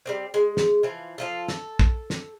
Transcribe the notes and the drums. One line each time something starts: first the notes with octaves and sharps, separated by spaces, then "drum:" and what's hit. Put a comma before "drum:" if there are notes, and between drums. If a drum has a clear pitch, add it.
G3 A#3 C4
G#3
drum: snare
E3 F3
F3 F4 A4
A4, drum: snare
drum: kick
drum: snare